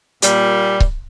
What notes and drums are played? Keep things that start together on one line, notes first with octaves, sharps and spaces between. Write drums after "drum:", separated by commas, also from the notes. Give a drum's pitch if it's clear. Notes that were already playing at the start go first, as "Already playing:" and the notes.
A#2 G3, drum: hi-hat
drum: kick C#1